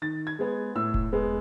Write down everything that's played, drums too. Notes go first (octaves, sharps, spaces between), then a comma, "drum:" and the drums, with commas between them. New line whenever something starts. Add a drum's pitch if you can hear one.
D#3 A6
G#6
G#3 B3
A2 E6
drum: kick E1
G#3 B3